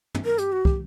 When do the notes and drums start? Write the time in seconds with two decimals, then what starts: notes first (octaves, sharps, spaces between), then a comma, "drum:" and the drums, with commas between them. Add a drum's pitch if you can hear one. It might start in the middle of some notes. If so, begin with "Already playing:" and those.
0.15 drum: tom
0.25 A#4
0.38 G4, drum: hi-hat
0.52 F#4
0.65 G4, drum: kick